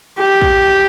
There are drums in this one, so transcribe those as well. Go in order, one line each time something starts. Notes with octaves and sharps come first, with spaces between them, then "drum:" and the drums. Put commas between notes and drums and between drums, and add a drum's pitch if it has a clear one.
G4
drum: kick